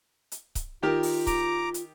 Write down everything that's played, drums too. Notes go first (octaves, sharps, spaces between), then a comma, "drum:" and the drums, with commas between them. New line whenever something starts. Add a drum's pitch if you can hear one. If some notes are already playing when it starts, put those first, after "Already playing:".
drum: hi-hat
drum: kick C#1, hi-hat
D#3 F4 G4 A#4
drum: open hi-hat
A#5 D6, drum: kick C#1, hi-hat
drum: hi-hat